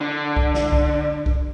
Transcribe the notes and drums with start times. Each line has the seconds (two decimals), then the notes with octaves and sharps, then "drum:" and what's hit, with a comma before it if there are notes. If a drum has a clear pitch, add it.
0.01 D3
0.37 drum: kick B1
0.54 drum: snare
0.72 drum: kick B1
1.26 drum: kick B1